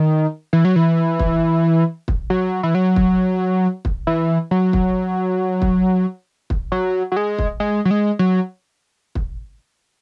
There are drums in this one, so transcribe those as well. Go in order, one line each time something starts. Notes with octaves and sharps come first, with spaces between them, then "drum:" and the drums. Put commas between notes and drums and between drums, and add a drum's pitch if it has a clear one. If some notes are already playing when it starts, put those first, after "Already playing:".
Already playing: D#3
E3
F#3
E3
drum: kick
drum: kick
F#3
E3
F#3
drum: kick
drum: kick
E3
F#3
drum: kick
drum: kick
drum: kick
F#3
F#3
G#3
drum: kick
G#3
F#3
G#3
F#3
drum: kick